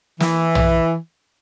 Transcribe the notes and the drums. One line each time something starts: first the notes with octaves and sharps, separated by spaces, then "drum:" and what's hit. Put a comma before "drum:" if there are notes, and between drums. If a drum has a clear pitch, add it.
E3, drum: snare
drum: tom